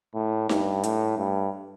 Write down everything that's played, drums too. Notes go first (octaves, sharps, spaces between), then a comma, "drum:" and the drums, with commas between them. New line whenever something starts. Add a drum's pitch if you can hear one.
A2
G2, drum: snare D#4
A2, drum: hi-hat
G2